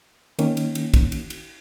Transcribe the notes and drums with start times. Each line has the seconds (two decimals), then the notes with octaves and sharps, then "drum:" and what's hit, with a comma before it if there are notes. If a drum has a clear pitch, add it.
0.39 D#3 A#3 C#4, drum: cymbal
0.57 drum: cymbal
0.75 drum: cymbal
0.94 drum: kick, cymbal
1.12 drum: cymbal
1.30 drum: cymbal